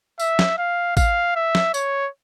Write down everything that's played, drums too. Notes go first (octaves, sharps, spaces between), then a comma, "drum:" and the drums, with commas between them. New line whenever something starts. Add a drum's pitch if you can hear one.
E5, drum: tambourine
drum: snare
F5
F5, drum: kick, tambourine
E5
drum: snare
C#5, drum: tambourine